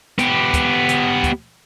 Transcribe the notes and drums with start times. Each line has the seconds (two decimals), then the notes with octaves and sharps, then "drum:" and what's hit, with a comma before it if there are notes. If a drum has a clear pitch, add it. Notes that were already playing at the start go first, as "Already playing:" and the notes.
0.19 B3 G4, drum: hi-hat
0.54 drum: kick, hi-hat
0.89 drum: hi-hat
1.24 drum: kick, hi-hat